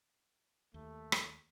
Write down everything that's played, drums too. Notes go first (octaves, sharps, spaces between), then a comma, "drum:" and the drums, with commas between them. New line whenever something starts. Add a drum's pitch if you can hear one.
D#2 A3
drum: rim click